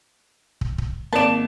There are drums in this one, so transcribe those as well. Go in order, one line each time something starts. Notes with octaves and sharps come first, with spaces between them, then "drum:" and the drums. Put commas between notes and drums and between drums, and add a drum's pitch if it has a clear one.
drum: kick
drum: kick
G#1 A#3 D5 A5 E7